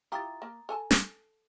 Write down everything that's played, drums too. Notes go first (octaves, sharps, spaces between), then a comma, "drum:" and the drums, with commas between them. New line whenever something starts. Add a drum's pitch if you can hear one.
E4 F4 G4 A#5 D#6 A6
A#3
A4 G#5 A5
drum: snare